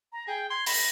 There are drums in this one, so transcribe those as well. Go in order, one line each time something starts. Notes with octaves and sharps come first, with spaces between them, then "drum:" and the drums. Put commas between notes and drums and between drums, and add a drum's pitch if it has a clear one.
A#5
G#4 G5
C6 G#6
B5 A#6, drum: open hi-hat